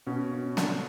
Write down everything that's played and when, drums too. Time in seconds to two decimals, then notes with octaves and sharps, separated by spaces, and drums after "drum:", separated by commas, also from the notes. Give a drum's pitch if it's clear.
0.06 B2 C#4
0.32 C#4
0.57 D3, drum: snare